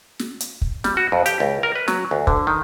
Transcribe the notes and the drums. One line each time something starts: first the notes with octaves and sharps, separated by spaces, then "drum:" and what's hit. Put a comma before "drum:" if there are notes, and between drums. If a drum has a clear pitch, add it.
drum: snare
drum: hi-hat
drum: kick
G3, drum: snare
F#4
F2
G4, drum: hi-hat
C#2
A#4
B4
F#3, drum: snare
D2
D3, drum: kick
D#3